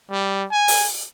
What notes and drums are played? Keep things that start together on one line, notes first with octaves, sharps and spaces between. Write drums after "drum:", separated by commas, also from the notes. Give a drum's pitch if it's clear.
G3
G#5
drum: open hi-hat